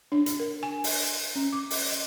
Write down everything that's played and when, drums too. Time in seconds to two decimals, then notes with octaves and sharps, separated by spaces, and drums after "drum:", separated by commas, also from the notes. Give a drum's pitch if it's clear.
0.12 D4
0.26 drum: hi-hat
0.40 A#4
0.63 G#5
0.84 drum: open hi-hat
1.35 C#4
1.53 D6
1.70 drum: open hi-hat
1.92 D#5